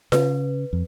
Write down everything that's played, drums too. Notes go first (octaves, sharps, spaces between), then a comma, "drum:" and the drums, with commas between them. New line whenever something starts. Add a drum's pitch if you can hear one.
C#3 B4, drum: snare F4
F2